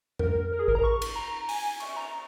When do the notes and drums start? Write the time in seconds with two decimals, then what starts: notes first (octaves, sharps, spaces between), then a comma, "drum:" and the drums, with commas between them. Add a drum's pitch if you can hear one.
0.19 A#4, drum: tom F2
0.52 A#4
0.59 G#4
0.68 A#4, drum: kick A1
0.75 A#5
0.83 C#6
1.02 drum: cymbal
1.16 A#5
1.49 G#5, drum: open hi-hat
1.80 C#6, drum: cymbal
1.96 A#5